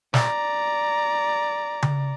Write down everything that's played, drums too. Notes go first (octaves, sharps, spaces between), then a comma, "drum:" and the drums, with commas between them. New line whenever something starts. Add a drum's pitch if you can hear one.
D5 A#5, drum: snare
drum: tom C#3